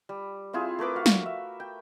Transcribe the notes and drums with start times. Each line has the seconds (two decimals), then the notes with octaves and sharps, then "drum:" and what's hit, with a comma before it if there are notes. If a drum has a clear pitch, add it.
0.09 G3
0.53 C4 E4 F4 G#4
0.79 A3 A#4 B4 D6
0.96 F#4 F5
1.06 drum: snare
1.26 E5
1.60 G5